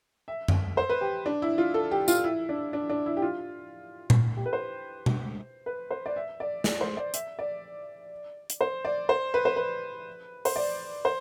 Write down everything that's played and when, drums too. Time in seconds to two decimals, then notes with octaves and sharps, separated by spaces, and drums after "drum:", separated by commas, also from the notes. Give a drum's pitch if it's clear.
0.28 E5
0.48 drum: tom F#2
0.77 C5
0.90 B4
1.01 G4
1.26 D4
1.42 E4
1.58 F4
1.74 A4
1.91 G4
2.08 F4, drum: tambourine
2.24 E4
2.49 D4
2.73 D4
2.89 D4
3.06 E4
3.17 G4
3.22 F4
4.10 drum: tom A#2
4.37 G4
4.46 B4
4.53 C5
5.06 drum: tom B2
5.66 B4
5.91 C5
6.06 D5
6.16 E5
6.40 D5
6.64 D5, drum: snare
6.81 C5
6.97 D5
7.14 E5, drum: hi-hat
7.39 D5
8.50 drum: hi-hat
8.61 C5
8.85 D5
9.09 C5
9.34 B4
9.45 C5
9.56 B4
10.45 C5, drum: open hi-hat
10.56 D5
11.05 C5